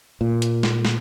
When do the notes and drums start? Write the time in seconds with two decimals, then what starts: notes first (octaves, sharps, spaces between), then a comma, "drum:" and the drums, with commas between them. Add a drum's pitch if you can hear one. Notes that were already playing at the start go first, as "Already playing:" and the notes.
0.21 A#2
0.42 drum: hi-hat
0.63 drum: snare
0.85 drum: snare